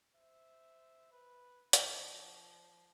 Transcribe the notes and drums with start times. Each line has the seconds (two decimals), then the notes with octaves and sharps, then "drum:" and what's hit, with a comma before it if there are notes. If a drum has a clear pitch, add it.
0.16 C5 E5
1.12 B4
1.73 F3 D4, drum: hi-hat